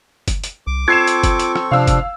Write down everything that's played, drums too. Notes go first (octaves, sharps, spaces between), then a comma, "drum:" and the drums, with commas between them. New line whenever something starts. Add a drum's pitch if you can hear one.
drum: kick F#1, hi-hat
drum: hi-hat
C2 D6
C4 F4 A4 C#6 G#6 C7 E7
drum: hi-hat
drum: kick F#1, hi-hat
drum: hi-hat
drum: rim click
C3 F3 D4 F5 E6
drum: kick F#1, hi-hat